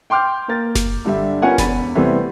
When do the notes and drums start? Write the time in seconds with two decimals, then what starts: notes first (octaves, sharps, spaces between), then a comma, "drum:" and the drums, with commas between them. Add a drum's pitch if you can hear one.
0.10 G5 C6 D6 F6 G6
0.48 A#3 A#4 A6
0.75 drum: snare F#1
1.05 G2 D3 G3 E5
1.42 B3 C#4 F4 A#4 F#5 G#5
1.58 E1 E2 B5 A6 D#7, drum: snare F#1
1.95 C3 E3 G3 A3 B3 C4